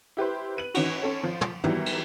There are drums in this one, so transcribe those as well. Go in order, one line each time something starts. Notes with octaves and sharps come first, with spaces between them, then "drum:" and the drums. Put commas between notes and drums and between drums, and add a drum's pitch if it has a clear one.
E4 G4 B4 C5
B4 D#7 F#7
E3 C#4 D#4 F#4, drum: cymbal
C#4 A4 C#5
F3
drum: tom
D#3 E3 F#3 G3 B3 E4, drum: tom
drum: cymbal